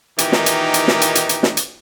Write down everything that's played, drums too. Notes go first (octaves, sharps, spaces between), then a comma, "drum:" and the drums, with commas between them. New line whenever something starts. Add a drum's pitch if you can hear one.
A#2 D#3 E3 D#4 G4, drum: hi-hat
drum: snare
drum: hi-hat
drum: hi-hat
drum: snare
drum: hi-hat
drum: hi-hat
drum: hi-hat
drum: snare
drum: hi-hat